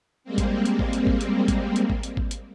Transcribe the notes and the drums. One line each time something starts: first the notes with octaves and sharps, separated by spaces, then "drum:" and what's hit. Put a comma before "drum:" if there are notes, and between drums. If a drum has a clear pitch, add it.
G3 G#3 A#3 C4
drum: kick G#1, hi-hat
drum: hi-hat
drum: kick G#1
drum: hi-hat
drum: kick G#1
drum: hi-hat
drum: kick G#1, hi-hat
drum: hi-hat
drum: kick G#1
drum: hi-hat
drum: kick G#1
drum: hi-hat